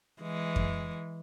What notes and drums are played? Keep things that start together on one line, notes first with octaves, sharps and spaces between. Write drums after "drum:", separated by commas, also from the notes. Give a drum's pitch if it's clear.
E3 G#3
drum: kick F2